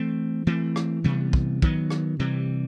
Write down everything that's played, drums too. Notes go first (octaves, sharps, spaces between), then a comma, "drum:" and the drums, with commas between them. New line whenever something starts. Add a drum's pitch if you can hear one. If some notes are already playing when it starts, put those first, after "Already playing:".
Already playing: E3 A3 C4
E3 A3 C4
drum: rim click
C3 E3 G3 B3
drum: kick
D#3 F#3 B3, drum: kick
drum: rim click
C3 E3 G3